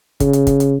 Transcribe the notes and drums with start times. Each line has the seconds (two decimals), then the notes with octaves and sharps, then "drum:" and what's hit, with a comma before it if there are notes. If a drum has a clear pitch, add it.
0.20 C#3, drum: kick, hi-hat
0.33 drum: hi-hat
0.47 drum: kick, hi-hat
0.60 drum: hi-hat